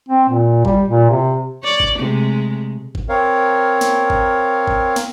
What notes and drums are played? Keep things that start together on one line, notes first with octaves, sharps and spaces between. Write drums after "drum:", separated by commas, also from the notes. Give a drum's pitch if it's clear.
C4
A#2
G3, drum: kick G1
A#2
C3
C#5 D5
drum: kick G1
C3 G#3 A3
drum: kick G1
C4 A#4 C#5 F5
drum: snare
drum: kick G1
drum: kick G1
drum: snare